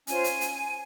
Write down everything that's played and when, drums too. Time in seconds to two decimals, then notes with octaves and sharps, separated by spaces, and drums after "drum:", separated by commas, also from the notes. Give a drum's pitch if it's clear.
0.07 C#4 F4 C5 G#5, drum: hi-hat
0.24 drum: hi-hat
0.41 drum: hi-hat